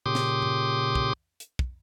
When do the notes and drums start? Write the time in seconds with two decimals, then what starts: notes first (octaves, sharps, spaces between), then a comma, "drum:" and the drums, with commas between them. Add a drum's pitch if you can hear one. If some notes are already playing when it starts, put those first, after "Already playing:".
0.06 A#2 C#3 G4 C6 D6 D#6
0.15 drum: snare
0.42 drum: tom G2
0.95 drum: kick
1.40 drum: hi-hat
1.59 drum: kick